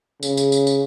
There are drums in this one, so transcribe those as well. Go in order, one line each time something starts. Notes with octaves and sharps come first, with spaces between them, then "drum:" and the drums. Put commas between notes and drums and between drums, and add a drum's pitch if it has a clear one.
C#3, drum: tambourine
drum: tambourine
drum: tambourine
drum: tambourine